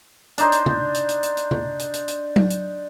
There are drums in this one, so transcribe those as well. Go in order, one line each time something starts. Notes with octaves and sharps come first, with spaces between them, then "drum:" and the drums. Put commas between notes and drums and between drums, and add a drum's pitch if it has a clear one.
D4 D#4 C5, drum: hi-hat
drum: hi-hat
drum: tom C3
drum: hi-hat
drum: hi-hat
drum: hi-hat
drum: hi-hat
drum: tom C3
drum: hi-hat
drum: hi-hat
drum: hi-hat
drum: tom F#3
drum: hi-hat